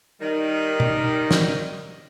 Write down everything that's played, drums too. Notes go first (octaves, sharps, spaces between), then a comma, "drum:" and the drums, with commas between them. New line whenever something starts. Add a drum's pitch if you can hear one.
D#3 G3
drum: tom
drum: snare